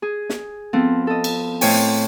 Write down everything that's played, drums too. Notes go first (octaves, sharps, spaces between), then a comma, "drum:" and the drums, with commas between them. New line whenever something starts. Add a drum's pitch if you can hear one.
G#4
drum: snare
F3 B3 C4 A4
A4 D#5
drum: cymbal
A2 E4 C5 C#5 G5 G#5, drum: open hi-hat